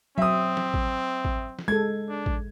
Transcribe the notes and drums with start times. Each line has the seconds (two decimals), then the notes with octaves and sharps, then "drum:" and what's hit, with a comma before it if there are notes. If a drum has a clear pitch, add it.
0.18 F#3 C4 E5 D#6
0.57 drum: snare
0.74 drum: kick
1.25 drum: kick
1.59 drum: snare
1.68 G#3 A4 G#6
2.09 D4
2.26 drum: kick